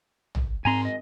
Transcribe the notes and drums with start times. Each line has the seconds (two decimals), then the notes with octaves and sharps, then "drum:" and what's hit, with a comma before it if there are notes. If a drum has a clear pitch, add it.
0.35 drum: tom A1
0.65 G#2 C4 G#5 A#5 C6
0.85 D#5